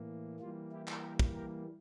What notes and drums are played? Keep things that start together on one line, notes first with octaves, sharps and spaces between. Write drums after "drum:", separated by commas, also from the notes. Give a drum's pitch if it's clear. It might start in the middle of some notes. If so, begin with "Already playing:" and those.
Already playing: A2 E3 A#3
E3 G3 A#3 F4
E4 G4
drum: clap
G4 A#4
drum: kick
G4 A#4